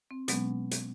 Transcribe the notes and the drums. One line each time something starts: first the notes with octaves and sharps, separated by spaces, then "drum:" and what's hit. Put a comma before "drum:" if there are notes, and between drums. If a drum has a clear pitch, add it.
C4
B2 F#3 G#3 B3 C#4, drum: hi-hat
drum: hi-hat